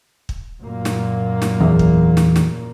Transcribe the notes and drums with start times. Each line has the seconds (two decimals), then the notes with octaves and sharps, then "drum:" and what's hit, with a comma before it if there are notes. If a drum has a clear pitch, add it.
0.29 drum: kick
0.60 F#2 A#2 A#3
0.85 drum: snare
1.42 drum: snare
1.61 E2
1.79 drum: kick
2.17 drum: snare
2.36 drum: snare